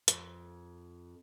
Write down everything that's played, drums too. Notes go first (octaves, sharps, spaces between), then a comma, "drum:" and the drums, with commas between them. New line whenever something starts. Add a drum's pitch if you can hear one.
F2, drum: hi-hat